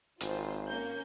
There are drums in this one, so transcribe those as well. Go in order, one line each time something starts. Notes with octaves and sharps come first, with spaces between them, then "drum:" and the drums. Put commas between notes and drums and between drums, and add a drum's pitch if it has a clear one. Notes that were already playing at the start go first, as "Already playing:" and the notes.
G#1 F4 C5, drum: hi-hat
A#3 C#4 G6